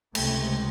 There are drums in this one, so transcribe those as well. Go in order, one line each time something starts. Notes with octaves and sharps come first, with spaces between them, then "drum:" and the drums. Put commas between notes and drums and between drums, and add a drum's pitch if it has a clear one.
C#2 C3 A3, drum: cymbal